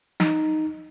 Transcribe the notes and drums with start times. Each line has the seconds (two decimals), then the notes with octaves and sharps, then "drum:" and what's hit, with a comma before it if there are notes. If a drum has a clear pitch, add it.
0.20 D#4, drum: snare